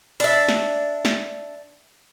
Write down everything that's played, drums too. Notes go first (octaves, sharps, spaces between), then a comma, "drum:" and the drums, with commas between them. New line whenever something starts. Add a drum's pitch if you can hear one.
D4 E5, drum: cymbal
drum: snare
drum: snare